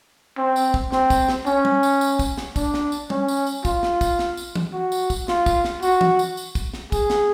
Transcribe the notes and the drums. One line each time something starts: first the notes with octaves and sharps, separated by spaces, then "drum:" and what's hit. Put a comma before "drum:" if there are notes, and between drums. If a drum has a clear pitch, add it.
C4
drum: tambourine
drum: kick
C4, drum: snare
drum: kick, tambourine
drum: snare
C#4, drum: tambourine
drum: tom G3
drum: tambourine
drum: tambourine
drum: kick, tambourine
drum: snare
D4, drum: kick, tambourine
drum: snare
drum: tambourine
C#4, drum: tom G3
drum: tambourine
drum: tambourine
F4, drum: kick, tambourine
drum: snare
drum: kick, tambourine
drum: snare
drum: tambourine
drum: tom E3
F#4
drum: tambourine
drum: kick, tambourine
F4, drum: snare
drum: kick, tambourine
drum: snare
F#4, drum: tambourine
drum: tom E3
drum: tambourine
drum: tambourine
drum: kick, tambourine
drum: snare
G#4, drum: kick, tambourine
drum: snare